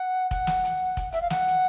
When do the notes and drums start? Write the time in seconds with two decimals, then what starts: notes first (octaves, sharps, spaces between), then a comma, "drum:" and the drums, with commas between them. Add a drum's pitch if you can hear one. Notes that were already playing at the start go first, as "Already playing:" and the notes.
Already playing: F#5
0.31 F#5, drum: kick, hi-hat
0.47 drum: snare
0.64 drum: hi-hat
0.97 drum: kick, hi-hat
1.12 E5, drum: hi-hat
1.21 F5
1.30 F#5, drum: snare
1.47 drum: hi-hat